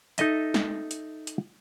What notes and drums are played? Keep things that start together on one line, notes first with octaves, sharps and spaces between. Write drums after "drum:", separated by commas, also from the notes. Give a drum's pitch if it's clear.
D#4 A4 D#5 E5, drum: hi-hat
drum: snare
drum: hi-hat
drum: hi-hat